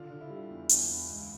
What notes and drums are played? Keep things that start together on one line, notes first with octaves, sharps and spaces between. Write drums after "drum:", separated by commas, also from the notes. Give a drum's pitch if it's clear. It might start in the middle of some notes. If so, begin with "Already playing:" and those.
Already playing: D3 F4
D3
E4
G3
E2
E2, drum: hi-hat
E2
C#2